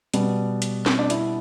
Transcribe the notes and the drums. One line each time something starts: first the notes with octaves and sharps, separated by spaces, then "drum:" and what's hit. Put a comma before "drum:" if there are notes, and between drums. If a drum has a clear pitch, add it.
B2 G3, drum: hi-hat
drum: hi-hat
drum: snare
D4
E4, drum: hi-hat